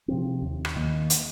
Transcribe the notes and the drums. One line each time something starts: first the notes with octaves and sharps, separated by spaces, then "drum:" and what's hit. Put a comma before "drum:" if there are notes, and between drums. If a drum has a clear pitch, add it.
C3 F3 C4
D#2
drum: rim click
D#3 A#3
drum: hi-hat